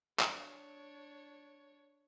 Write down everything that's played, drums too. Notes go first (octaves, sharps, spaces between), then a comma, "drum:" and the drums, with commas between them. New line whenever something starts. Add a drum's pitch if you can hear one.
D4 C#5, drum: clap